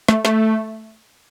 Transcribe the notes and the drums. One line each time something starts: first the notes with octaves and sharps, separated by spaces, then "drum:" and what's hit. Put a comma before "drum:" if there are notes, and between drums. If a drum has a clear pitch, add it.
A3, drum: snare
A3, drum: snare